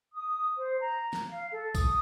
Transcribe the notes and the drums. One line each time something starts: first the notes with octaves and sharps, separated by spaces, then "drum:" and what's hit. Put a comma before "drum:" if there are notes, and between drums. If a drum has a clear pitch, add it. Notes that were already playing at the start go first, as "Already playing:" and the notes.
D#6
C5
A#5
drum: snare
F5
A4
D#6, drum: kick, tambourine